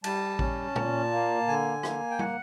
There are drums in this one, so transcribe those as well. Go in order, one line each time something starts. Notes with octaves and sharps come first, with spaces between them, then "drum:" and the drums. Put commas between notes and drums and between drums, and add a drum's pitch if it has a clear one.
G3 A5, drum: cymbal
C#4, drum: kick A1
A#2, drum: tom
A#3
D3 G#5
A#3, drum: rim click
G5
F#5, drum: tom G3